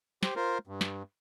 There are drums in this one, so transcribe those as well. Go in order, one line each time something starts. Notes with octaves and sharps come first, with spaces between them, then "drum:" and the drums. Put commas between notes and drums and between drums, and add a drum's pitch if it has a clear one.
G4 C5, drum: snare
F4 A#4 C5
G2
drum: snare